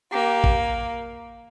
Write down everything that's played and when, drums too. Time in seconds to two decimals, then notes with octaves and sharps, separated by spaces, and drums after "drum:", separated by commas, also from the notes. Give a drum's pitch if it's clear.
0.12 A#3 G4
0.44 drum: kick A#1